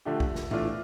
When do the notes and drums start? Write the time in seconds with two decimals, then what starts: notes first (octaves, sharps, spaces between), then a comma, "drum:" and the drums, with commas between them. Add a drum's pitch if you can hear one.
0.05 D3 F3 A3 D4 G4
0.20 drum: kick
0.36 drum: snare
0.51 A2 E3 A3 D4 F4, drum: tom A#2